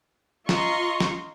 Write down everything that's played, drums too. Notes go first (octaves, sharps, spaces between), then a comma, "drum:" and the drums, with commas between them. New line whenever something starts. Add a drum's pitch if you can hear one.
F4 D#5 A#5 C6 C#6, drum: snare
drum: snare